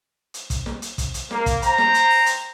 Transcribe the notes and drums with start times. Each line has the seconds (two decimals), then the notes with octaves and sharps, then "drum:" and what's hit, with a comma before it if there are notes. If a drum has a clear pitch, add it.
0.34 drum: hi-hat
0.50 drum: kick, hi-hat
0.66 drum: snare
0.82 drum: hi-hat
0.98 drum: kick, hi-hat
1.14 drum: hi-hat
1.31 A#3, drum: snare
1.46 drum: kick, hi-hat
1.62 C5 G5 A#5, drum: hi-hat
1.78 drum: snare
1.94 drum: hi-hat
2.10 drum: open hi-hat
2.26 drum: hi-hat